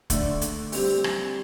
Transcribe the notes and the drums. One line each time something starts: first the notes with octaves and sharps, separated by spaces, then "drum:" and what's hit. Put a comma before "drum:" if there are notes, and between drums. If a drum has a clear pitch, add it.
D3 A3 D4, drum: kick, hi-hat
drum: hi-hat
G3 C4 G4, drum: open hi-hat
drum: rim click